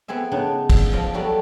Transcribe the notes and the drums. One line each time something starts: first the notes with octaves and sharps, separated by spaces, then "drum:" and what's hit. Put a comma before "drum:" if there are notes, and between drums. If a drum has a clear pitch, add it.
B3 C4 G#4 E5
C#3 B3 D4 D#4
drum: kick, cymbal
F3 D5 D#5 F5
F#3 G3 A3 B3 D5